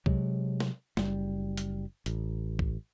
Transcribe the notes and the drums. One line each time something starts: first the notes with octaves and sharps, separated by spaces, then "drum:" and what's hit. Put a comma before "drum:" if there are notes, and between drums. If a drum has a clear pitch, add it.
C3 F#3 G#3, drum: kick B1
drum: snare
F#1 G3, drum: snare
drum: hi-hat
A1, drum: hi-hat
drum: kick B1